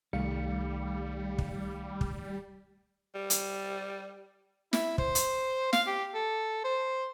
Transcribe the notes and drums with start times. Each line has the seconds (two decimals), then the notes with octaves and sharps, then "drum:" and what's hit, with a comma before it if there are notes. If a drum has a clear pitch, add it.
0.13 C2 D#3 G3 A3 F5 C#7
1.38 drum: kick
2.01 drum: kick
3.15 G3
3.30 drum: hi-hat
4.73 E4, drum: snare
4.98 C5, drum: kick
5.15 drum: hi-hat
5.73 F5, drum: snare
5.87 G4
6.14 A4
6.64 C5